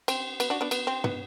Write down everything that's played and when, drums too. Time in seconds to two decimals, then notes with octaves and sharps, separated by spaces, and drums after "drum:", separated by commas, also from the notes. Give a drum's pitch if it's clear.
0.08 C4, drum: cymbal
0.40 B3, drum: cymbal
0.50 D4 F#4
0.61 B3 D4
0.71 B3, drum: cymbal
0.87 C4
1.04 B3, drum: tom